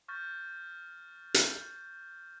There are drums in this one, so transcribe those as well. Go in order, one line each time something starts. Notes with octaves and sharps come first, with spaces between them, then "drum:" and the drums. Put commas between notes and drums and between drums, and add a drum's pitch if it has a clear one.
C#6 F6 G6 A6
drum: hi-hat